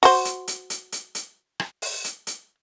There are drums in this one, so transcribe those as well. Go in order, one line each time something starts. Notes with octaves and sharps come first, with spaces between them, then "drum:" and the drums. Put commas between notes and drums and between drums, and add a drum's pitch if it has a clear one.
F#4 C5, drum: open hi-hat
drum: hi-hat
drum: hi-hat
drum: hi-hat
drum: hi-hat
drum: hi-hat
drum: rim click
drum: open hi-hat
drum: hi-hat
drum: hi-hat